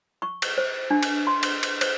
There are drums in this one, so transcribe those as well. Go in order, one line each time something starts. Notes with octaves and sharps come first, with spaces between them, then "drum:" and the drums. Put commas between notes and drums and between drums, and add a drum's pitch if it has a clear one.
C#6
drum: cymbal
C5
D4
drum: cymbal
C6
drum: cymbal
drum: cymbal
C5, drum: cymbal